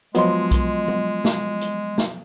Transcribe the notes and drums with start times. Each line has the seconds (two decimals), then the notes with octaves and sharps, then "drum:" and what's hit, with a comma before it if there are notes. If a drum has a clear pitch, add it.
0.15 F3 F#3 G#3 B3 F4 D#5 C6, drum: hi-hat
0.51 drum: kick B1, hi-hat
0.88 drum: tom
1.25 drum: snare
1.61 drum: hi-hat
1.98 drum: snare